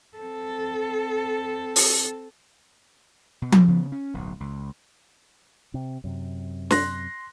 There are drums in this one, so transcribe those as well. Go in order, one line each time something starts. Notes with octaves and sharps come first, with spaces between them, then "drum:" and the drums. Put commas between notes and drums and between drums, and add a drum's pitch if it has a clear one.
C4 A4
drum: open hi-hat
B2
drum: tom F3
C#3 B3
C#4
D1 B1
C#2
C3
F#2 C3
C6 F#6 A#6, drum: snare